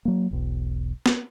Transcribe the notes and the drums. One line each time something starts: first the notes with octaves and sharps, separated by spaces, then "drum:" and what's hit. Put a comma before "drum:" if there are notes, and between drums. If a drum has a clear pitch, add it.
F#3 A#3
E1 B1
drum: snare